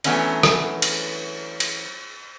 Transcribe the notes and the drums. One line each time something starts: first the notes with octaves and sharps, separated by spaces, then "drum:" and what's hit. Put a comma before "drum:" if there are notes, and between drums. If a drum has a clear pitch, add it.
E3 F#3 A3 B3 C#4 D4, drum: cymbal
drum: rim click
drum: cymbal
drum: cymbal